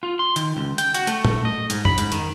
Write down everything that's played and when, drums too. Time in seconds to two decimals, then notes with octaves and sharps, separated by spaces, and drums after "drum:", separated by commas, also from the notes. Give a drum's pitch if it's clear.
0.03 F4
0.19 C6
0.36 D#3, drum: hi-hat
0.57 C#2
0.78 G5, drum: hi-hat
0.94 F#4, drum: hi-hat
1.07 A3, drum: hi-hat
1.25 drum: tom A#2
1.45 D#5
1.70 G#2, drum: hi-hat
1.85 B5, drum: tom F2
1.98 G#2, drum: hi-hat
2.12 D#3, drum: hi-hat